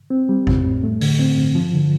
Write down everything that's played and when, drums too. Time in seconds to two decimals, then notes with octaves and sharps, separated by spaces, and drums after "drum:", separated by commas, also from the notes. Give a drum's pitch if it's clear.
0.10 C4
0.29 G3
0.47 A2, drum: kick
0.64 A2
0.83 A3
1.01 D3, drum: open hi-hat
1.19 C4
1.37 G2
1.55 F3
1.73 D3